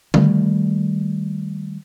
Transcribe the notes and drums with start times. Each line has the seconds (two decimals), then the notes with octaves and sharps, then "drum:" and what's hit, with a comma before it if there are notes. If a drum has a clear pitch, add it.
0.14 D#3 G3 A3, drum: tom D3